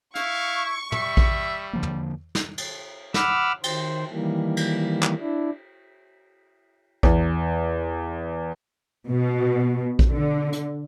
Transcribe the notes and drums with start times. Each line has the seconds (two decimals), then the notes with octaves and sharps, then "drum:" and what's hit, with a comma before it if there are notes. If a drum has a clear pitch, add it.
0.15 E4 F5 C#6, drum: hi-hat
0.92 G3 E5, drum: tom
1.17 drum: kick A#1
1.73 D3 F3 A#3
1.83 drum: tom
2.35 drum: snare
2.58 drum: cymbal
3.14 F#5 B5 D6 E6 F6, drum: snare
3.64 D#3 C5, drum: cymbal
4.11 D#3 E3 G3 A#3
4.57 drum: cymbal
5.03 drum: clap
5.19 D4 E4
7.03 E2, drum: kick A#1
9.08 B2
9.99 drum: kick A#1
10.10 D3
10.53 drum: hi-hat